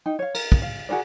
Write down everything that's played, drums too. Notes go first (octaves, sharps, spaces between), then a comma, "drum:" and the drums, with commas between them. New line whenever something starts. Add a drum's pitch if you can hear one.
D#4 G5
C#5 F5
A#4, drum: cymbal
drum: kick
F5
F#4 G#4 A#4 D5